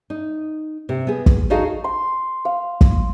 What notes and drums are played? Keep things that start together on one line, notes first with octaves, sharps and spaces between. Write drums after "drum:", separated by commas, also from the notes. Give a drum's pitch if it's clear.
D#4
C3
B3 G#4
drum: kick
D#4 F#4 G#4 A4 D#5 F5
C6
F5
drum: kick